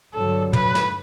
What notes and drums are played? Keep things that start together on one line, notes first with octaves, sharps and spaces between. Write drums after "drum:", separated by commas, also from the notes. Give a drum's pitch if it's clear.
G2 D3 F#3 A4
B4, drum: tom
drum: snare